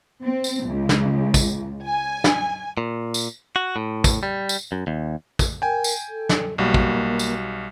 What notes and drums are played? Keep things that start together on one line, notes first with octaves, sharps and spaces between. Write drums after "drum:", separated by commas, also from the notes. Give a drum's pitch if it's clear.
C4
drum: tambourine
C#2
drum: snare
drum: kick, tambourine
G#5
drum: snare
A#2
drum: tambourine
F#4
A2
drum: kick, tambourine
G3
drum: tambourine
F#2
D#2
drum: kick, tambourine
A#4 G5 G#5
drum: tambourine
A4
drum: snare
B1 G3 A#3 F#4
drum: kick
drum: tambourine